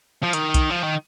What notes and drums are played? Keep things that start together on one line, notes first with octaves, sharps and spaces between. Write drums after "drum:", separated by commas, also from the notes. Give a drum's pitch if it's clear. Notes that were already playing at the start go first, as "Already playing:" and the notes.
F3
D#3, drum: hi-hat
drum: kick B1, hi-hat
F3
D#3